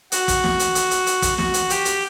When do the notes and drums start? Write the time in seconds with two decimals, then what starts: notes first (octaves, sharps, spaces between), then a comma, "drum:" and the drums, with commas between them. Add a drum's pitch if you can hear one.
0.12 F#4, drum: hi-hat
0.28 drum: kick, hi-hat
0.44 drum: snare
0.59 drum: hi-hat
0.75 drum: hi-hat
0.91 drum: hi-hat
1.07 drum: hi-hat
1.22 drum: kick, hi-hat
1.38 F#4, drum: snare
1.54 drum: hi-hat
1.70 G4, drum: hi-hat
1.85 drum: hi-hat